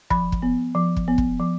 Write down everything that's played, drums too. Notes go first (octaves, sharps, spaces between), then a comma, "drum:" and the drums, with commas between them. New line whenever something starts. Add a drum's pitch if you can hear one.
F3 B5, drum: kick
drum: kick
B3
F3
drum: kick
B3
drum: kick
F3